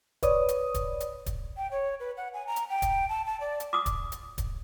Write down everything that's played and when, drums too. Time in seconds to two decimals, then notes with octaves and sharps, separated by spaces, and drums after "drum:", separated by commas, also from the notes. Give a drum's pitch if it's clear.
0.23 B4 C#5 D5 D#6, drum: kick, hi-hat
0.48 drum: hi-hat
0.74 drum: kick, hi-hat
1.00 drum: hi-hat
1.26 drum: kick, hi-hat
1.57 G5
1.71 C#5
2.00 B4
2.17 F#5
2.34 G#5
2.47 A#5
2.56 drum: hi-hat
2.70 G5
2.82 drum: kick, hi-hat
3.09 A5
3.26 A5
3.40 D5
3.60 drum: hi-hat
3.73 D6 D#6
3.86 drum: kick, hi-hat
4.12 drum: hi-hat
4.38 drum: kick, hi-hat